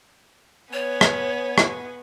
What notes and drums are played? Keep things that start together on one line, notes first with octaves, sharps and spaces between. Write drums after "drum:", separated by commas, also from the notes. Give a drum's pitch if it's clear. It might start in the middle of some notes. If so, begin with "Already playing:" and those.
B3 C#5 G#5
drum: rim click
drum: rim click